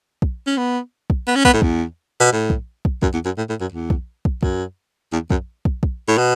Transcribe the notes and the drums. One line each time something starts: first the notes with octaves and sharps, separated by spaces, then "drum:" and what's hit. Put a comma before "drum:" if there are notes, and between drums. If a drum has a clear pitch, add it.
drum: kick
C#4
B3
drum: kick
B3
C#4
B3, drum: kick
A2
E2, drum: kick
B2
A2
drum: kick
drum: kick
F#2, drum: kick
E2
F#2
A2
A2
F#2
E2
drum: kick
drum: kick
F#2, drum: kick
E2
F#2, drum: kick
drum: kick
drum: kick
A2
B2